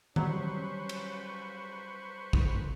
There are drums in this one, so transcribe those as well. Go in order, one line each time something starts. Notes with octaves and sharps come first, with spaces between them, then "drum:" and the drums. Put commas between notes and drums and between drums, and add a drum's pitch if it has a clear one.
F#3 G3 C#4 B4 C5 C#6, drum: tom D#3
drum: cymbal
drum: kick